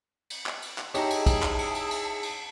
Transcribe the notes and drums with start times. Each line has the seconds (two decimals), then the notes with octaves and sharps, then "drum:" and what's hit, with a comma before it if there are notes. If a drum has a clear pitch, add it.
0.30 drum: cymbal
0.46 drum: clap
0.62 drum: cymbal
0.78 drum: clap
0.94 D#4 E4 G4 G#4 C#5 A5 A#5, drum: cymbal
1.10 drum: cymbal
1.26 drum: kick, cymbal
1.42 drum: clap
1.59 drum: cymbal
1.75 drum: cymbal
1.91 drum: cymbal
2.23 drum: cymbal